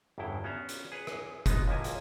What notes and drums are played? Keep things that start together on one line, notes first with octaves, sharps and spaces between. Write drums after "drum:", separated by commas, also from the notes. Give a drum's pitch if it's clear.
G1 E2 G2 C#3 E4 G5
B3 C#4 C5 A#5
drum: hi-hat
G#4 B4 C#5
drum: rim click
G#3 B3 D#4, drum: kick F#1, hi-hat
C#2 F3 A#3 E4 G#5
drum: hi-hat